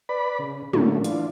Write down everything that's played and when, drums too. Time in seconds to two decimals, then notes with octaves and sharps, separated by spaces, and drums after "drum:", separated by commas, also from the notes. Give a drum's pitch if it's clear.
0.09 B4 D5 B5
0.39 C#3
0.73 A2 D3 F#3 A3 A#3 C#4, drum: tom
1.04 E3 D4 F4, drum: hi-hat